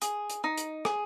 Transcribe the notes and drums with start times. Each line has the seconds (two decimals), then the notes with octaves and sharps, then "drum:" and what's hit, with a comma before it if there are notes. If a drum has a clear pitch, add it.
0.02 G#4, drum: hi-hat
0.30 drum: hi-hat
0.44 D#4
0.57 drum: hi-hat
0.85 G#4, drum: rim click